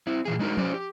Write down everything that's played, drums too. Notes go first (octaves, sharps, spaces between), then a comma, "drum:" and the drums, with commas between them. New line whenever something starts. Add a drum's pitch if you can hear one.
C4 E4
A#2 E3 G#4
G#3 D4 D#4 F#4 A#4
C#4 F#4 C5 D5, drum: tom F3
G4